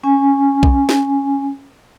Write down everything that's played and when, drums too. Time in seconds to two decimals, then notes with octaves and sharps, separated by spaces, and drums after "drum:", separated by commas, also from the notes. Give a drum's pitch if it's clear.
0.03 C#4 G#5
0.63 drum: kick B1
0.89 drum: snare